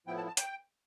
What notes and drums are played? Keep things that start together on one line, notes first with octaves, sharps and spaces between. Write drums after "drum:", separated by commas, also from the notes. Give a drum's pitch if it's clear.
A2 F3 B3 E4 G5
A5
A5
G5, drum: hi-hat